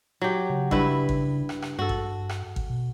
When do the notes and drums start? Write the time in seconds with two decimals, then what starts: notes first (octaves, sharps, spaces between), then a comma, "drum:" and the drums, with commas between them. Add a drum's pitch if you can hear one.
0.22 F#3 G4
0.50 C#3
0.71 G2 E4 B4, drum: kick G#1
1.09 drum: kick G#1
1.49 drum: rim click
1.62 drum: rim click
1.79 G2 F#4 A4
1.89 drum: kick G#1
2.29 drum: rim click
2.56 drum: kick G#1
2.70 B2